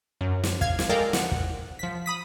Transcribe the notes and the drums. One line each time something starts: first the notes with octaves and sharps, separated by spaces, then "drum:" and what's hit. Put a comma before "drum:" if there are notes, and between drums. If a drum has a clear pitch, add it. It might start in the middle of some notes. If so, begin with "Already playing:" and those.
F#2
drum: snare
F5 G#6, drum: kick
drum: snare
G#3 A4 A#4 D5 F5 G5
F#5, drum: snare
drum: kick
F3 B6
B5 D#6 B6